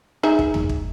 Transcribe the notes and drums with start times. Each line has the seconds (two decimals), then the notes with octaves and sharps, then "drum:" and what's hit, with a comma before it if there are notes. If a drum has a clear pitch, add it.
0.23 D#4 G#4 E5
0.39 drum: kick
0.54 drum: tom E2
0.69 drum: kick